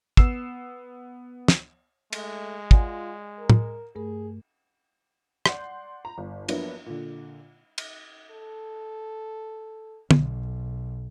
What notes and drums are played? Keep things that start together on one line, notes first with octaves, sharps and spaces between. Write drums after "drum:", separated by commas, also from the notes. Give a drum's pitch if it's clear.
B3 E6 C7 E7, drum: kick
drum: snare
G#3 A3, drum: cymbal
F4 D5 F#5 G#5, drum: kick
A#4
drum: tom
G2 A3 G#4 A#4
D5 F#5 C6 G6 C7, drum: rim click
A#5 B5
G1
F3 F#3 A#3 B3 D4 E4, drum: cymbal
A#2 D3
drum: cymbal
A4
B1, drum: tom